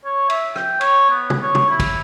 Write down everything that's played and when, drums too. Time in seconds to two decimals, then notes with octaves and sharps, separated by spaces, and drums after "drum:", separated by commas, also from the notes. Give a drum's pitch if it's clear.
0.05 C#5
0.30 E5, drum: cymbal
0.56 G5, drum: rim click
0.81 C#5, drum: cymbal
1.10 B3
1.30 drum: tom
1.43 C#5
1.55 drum: tom
1.70 E4
1.80 drum: kick, cymbal